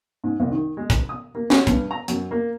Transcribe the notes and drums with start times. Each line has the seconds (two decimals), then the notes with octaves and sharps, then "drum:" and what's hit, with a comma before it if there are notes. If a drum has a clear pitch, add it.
0.24 G#2
0.40 C2
0.52 D#3
0.77 G#3
0.90 drum: kick, hi-hat
1.09 D#6
1.35 A#3
1.50 F#4, drum: snare
1.67 G2, drum: kick, hi-hat
1.91 A#5
2.08 F#2, drum: hi-hat
2.31 A#3